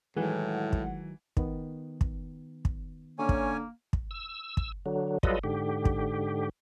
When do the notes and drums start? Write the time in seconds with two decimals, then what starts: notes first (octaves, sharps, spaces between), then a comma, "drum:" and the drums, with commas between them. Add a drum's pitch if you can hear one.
0.17 A2 D#3 E3 F#3 G#3 D#4 F#5
0.73 drum: kick
1.37 D#3 B3, drum: kick
2.01 drum: kick
2.65 drum: kick
3.19 D3 A#3 C#4 C#5 G#5
3.29 drum: kick
3.93 drum: kick
4.11 E6
4.57 drum: kick
4.86 D3 F#3
5.23 F#3 G3 F4 A4 B4 D#5, drum: kick
5.44 G#2 D3 G4
5.85 drum: kick